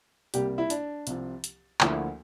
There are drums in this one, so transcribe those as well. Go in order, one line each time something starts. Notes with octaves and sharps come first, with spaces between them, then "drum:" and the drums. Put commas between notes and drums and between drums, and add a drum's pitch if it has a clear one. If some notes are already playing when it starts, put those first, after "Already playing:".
C2 C3 G3 A#3 G4, drum: hi-hat
E4
D4, drum: hi-hat
C2 C3 F3, drum: hi-hat
drum: hi-hat
D2 D3 F3 A#3 E4, drum: clap